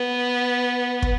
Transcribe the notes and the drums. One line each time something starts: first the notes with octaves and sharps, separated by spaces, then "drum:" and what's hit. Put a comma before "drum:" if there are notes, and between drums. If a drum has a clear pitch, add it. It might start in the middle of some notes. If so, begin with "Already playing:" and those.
Already playing: B3
drum: kick